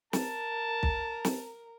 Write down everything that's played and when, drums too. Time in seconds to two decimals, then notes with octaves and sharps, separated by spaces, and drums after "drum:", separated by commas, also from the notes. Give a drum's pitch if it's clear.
0.13 A#4 A5, drum: snare
0.83 drum: kick
1.25 drum: snare